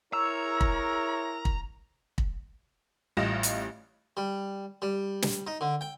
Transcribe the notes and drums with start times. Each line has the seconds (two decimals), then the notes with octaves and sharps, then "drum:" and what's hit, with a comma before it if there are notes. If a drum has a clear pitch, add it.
0.13 E4 G#4 A#4 C#5 A#5 E6
0.61 drum: kick
1.45 drum: kick
2.18 drum: kick
3.17 A1 G3 F4 D#5 A#6 E7
3.43 drum: hi-hat
4.17 G3
4.82 G3
5.22 drum: snare
5.47 D#4
5.61 D3
5.81 G5